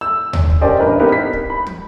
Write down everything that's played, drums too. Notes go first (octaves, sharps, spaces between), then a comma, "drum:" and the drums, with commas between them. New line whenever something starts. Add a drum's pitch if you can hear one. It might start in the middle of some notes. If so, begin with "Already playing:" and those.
E6
drum: tom D#2
drum: kick
C#4 G4 A#4 C5 D5 D#5
A1 D4 A#4 B4
B3 C4 D#4 G4 A#4 B4
B6
drum: kick
B5
drum: tom